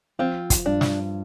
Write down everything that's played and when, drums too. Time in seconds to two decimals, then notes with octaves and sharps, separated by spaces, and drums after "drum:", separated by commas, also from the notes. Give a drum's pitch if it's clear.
0.19 F3 C4 F4
0.50 drum: kick, hi-hat
0.66 G2 D4
0.81 drum: snare